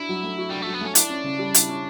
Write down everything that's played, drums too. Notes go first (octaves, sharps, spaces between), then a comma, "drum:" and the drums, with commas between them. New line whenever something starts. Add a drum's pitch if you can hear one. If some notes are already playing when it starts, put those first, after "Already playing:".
Already playing: D4 E4 F#4
F#3
A3
F#4
G3 D4
F#3 A3
B3
A3 C#4
D4 E4, drum: hi-hat
C#4
C#3
G3
E4, drum: hi-hat
C#4